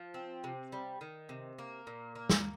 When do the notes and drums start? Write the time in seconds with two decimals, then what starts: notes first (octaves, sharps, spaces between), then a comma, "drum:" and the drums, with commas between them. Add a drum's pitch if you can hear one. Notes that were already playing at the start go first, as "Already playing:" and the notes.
Already playing: F3
0.14 C4
0.44 C3
0.72 G3
1.01 D#3
1.29 C3
1.59 A#3
1.87 A#2
2.15 A#3
2.29 drum: snare